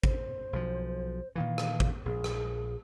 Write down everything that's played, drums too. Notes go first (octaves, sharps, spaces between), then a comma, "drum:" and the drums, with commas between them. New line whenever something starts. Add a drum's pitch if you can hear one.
C5, drum: kick G#1
B1 F3
A#2 D#3 E3 F5
drum: rim click
drum: kick G#1
A#1 G#4
drum: rim click